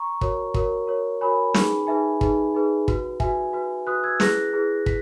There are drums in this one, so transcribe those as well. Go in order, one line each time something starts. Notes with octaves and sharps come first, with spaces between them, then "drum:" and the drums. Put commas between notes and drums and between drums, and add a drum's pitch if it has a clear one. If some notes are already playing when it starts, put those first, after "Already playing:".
Already playing: A#5 C#6
F#4 A#4 C#5, drum: kick
F#4 A#4 C#5, drum: kick
F#4 A#4 C#5
F#4 A#4 C#5 G#5 B5
D#4 G#4 B4, drum: snare
D#4 G#4 B4 E5 G#5
D#4 G#4 B4, drum: kick
D#4 G#4 B4
F#4 B4, drum: kick
F#4 B4 E5 G#5, drum: kick
F#4 B4
F#4 B4 D#6 F#6
E6 G#6
E4 G#4 B4 F#6 A#6, drum: snare
E4 G#4 B4
B6, drum: kick